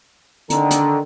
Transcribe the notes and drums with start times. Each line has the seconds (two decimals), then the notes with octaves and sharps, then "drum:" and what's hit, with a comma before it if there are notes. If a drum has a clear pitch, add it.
0.50 D3 D#3 A#5, drum: hi-hat
0.71 drum: hi-hat